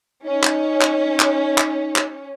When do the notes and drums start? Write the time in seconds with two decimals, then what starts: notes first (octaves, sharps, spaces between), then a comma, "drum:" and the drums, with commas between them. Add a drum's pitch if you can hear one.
0.24 C#4 D#4
0.43 drum: clap
0.81 drum: clap
1.20 drum: clap
1.58 drum: clap
1.96 drum: clap